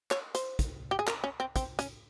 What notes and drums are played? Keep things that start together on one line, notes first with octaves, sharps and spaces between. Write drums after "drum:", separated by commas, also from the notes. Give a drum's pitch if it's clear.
C#5, drum: clap
C5, drum: hi-hat
drum: kick, hi-hat
G4
G#4
A#4, drum: clap
C#4
C4
C4, drum: kick, hi-hat
C#4, drum: hi-hat